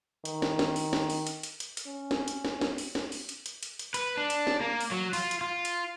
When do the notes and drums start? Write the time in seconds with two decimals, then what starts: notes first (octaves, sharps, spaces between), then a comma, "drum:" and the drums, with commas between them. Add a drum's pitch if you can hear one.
0.25 D#3, drum: hi-hat
0.42 drum: snare
0.59 drum: snare
0.76 drum: open hi-hat
0.93 drum: snare
1.10 drum: open hi-hat
1.27 drum: hi-hat
1.43 drum: hi-hat
1.60 drum: hi-hat
1.77 drum: hi-hat
1.87 C#4
2.11 drum: snare
2.28 drum: hi-hat
2.45 drum: snare
2.61 drum: snare
2.78 drum: open hi-hat
2.95 drum: snare
3.12 drum: open hi-hat
3.29 drum: hi-hat
3.46 drum: hi-hat
3.63 drum: hi-hat
3.79 drum: hi-hat
3.94 B4, drum: hi-hat
4.17 D4
4.30 drum: hi-hat
4.47 drum: snare
4.61 A#3
4.81 drum: open hi-hat
4.92 F#3
5.13 F4, drum: open hi-hat
5.31 drum: hi-hat
5.41 F4
5.65 drum: hi-hat